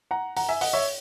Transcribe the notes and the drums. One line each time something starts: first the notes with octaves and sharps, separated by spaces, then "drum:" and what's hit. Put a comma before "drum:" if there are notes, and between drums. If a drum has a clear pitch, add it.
F#5 A#5
F#5 A#5, drum: open hi-hat
E5 G#5
D#5 F#5, drum: open hi-hat
C#5 E5